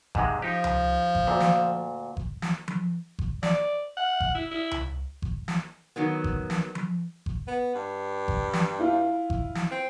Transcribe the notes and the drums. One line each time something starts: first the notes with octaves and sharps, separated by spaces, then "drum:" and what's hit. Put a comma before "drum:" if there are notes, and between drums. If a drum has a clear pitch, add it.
G#2 C3 G#3, drum: kick G1
F3 D#4 G4
drum: tom C#2
drum: kick G1
D2 A#2
drum: snare
drum: kick G1
drum: snare
drum: tom F3
drum: kick G1
D5, drum: snare
F#5
drum: kick G1
E4
E4
drum: tom C#2
drum: kick G1
drum: snare
D#3 F#3 B3
drum: kick G1
drum: snare
drum: tom F3
drum: kick G1
B3
G2
drum: kick G1
drum: snare
E4 F4
drum: kick G1
drum: snare
C4